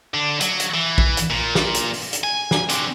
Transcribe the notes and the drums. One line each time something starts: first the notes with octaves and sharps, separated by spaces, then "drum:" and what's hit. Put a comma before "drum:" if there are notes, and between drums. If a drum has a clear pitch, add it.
D3 D4
F#3, drum: hi-hat
drum: hi-hat
E3
drum: kick A#1
drum: hi-hat
A#2
drum: snare
drum: hi-hat
drum: open hi-hat
drum: hi-hat
G#5
drum: snare
C4 D4, drum: hi-hat